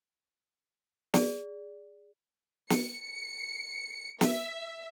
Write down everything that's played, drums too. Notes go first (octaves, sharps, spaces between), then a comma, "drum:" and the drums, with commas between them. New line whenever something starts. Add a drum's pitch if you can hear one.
G#4 D5, drum: snare
C#7, drum: snare
E5, drum: snare